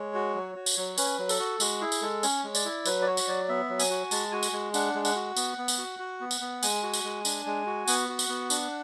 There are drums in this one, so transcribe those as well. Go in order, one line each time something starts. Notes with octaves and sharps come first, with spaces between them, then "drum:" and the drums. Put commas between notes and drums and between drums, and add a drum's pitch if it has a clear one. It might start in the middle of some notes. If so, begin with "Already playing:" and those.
Already playing: G#3 C#5
F#4
F#3
F#4
drum: tambourine
F#3
C#4 B4, drum: tambourine
F#3
A4, drum: tambourine
F#4
G#3 F#4, drum: tambourine
E4 G#4
drum: tambourine
G#3 A4
C#4 C#5, drum: tambourine
G#3
D5, drum: tambourine
E4
F#3 B4, drum: tambourine
D5
F#4 C#5
drum: tambourine
F#3 D5
B3 E5
F#3
G#5, drum: tambourine
F#4
G#3 A5, drum: tambourine
F#4 G#5
drum: tambourine
G#3
D4 F#5, drum: tambourine
G#3
F#5, drum: tambourine
F#4
B3, drum: tambourine
B3
drum: tambourine
F#4
F#4
B3
drum: tambourine
B3
G#3 G#5, drum: tambourine
F#4
drum: tambourine
G#3
D4, drum: tambourine
G#3
F#4
B3 F#5, drum: tambourine
F#4
drum: tambourine
B3
D4, drum: tambourine